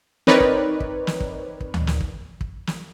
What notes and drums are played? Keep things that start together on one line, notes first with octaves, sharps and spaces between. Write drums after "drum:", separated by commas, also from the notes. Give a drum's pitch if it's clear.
C4 D#4 A#4 B4 C#5 D5, drum: snare
drum: kick
drum: kick
drum: snare
drum: kick
drum: kick
drum: tom D2
drum: snare
drum: kick
drum: kick
drum: snare